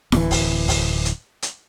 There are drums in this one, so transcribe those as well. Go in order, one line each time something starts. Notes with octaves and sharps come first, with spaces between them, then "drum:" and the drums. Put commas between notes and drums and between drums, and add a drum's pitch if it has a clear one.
D1 E3, drum: snare E4
drum: kick, open hi-hat
drum: kick, open hi-hat
drum: hi-hat
drum: hi-hat